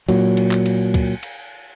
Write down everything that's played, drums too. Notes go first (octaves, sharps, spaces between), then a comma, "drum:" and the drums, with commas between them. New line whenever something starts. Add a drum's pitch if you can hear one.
A#2 F#3, drum: cymbal
drum: cymbal
drum: clap
drum: cymbal
drum: kick C#2, cymbal
drum: cymbal